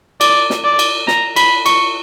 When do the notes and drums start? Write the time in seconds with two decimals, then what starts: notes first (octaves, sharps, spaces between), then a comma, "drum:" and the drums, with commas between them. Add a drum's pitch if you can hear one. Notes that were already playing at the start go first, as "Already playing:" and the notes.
0.21 D5, drum: cymbal
0.50 drum: snare
0.65 D5
0.79 drum: cymbal
1.08 A#5, drum: snare
1.36 B5, drum: cymbal
1.66 C#6, drum: cymbal